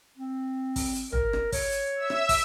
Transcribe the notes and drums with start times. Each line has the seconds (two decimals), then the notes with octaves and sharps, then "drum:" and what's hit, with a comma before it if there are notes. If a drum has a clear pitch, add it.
0.17 C4
0.76 drum: kick, open hi-hat
0.95 drum: hi-hat
1.12 A#4, drum: tom
1.33 drum: rim click
1.52 C#5, drum: kick, open hi-hat
1.72 drum: hi-hat
1.96 E5 E6
2.10 drum: rim click
2.29 drum: kick, open hi-hat